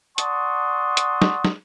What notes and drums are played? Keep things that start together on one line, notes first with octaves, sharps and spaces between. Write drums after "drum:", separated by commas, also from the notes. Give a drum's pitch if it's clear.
D5 F#5 A5 C6 C#6 D#6, drum: hi-hat
drum: hi-hat
drum: snare
drum: snare